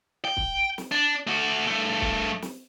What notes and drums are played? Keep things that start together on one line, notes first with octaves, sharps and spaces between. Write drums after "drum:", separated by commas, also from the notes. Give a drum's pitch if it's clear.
G5
drum: kick
drum: snare
D4
A3 F#4
G2 A3
drum: kick
drum: snare